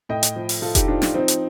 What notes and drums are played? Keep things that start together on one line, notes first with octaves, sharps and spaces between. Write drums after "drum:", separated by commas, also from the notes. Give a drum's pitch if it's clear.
A2 D#5 G5
drum: hi-hat
F3
drum: open hi-hat
F3 F4 A4
D#4 G4, drum: kick F1, hi-hat
F3 D4 F4
D4 F4, drum: snare
F3 C4 D#4
drum: hi-hat